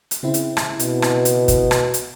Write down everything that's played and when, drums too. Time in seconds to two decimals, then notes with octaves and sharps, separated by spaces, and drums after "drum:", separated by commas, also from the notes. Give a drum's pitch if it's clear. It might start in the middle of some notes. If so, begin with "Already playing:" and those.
0.11 drum: hi-hat
0.23 C#3 C4 E4
0.34 drum: hi-hat
0.57 drum: rim click
0.79 B2, drum: hi-hat
1.02 drum: rim click
1.25 drum: hi-hat
1.48 drum: kick, hi-hat
1.71 drum: rim click
1.94 drum: hi-hat